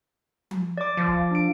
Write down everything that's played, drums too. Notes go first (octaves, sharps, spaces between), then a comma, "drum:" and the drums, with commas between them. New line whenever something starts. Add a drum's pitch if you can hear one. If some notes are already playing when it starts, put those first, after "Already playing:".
drum: tom F3
D5 D6
F3
drum: kick
D4 D7